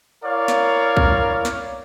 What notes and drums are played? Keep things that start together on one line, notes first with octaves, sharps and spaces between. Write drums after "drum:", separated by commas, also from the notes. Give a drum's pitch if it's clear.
E4 A#4 C#5 D5 F5
drum: snare
drum: kick B1
drum: snare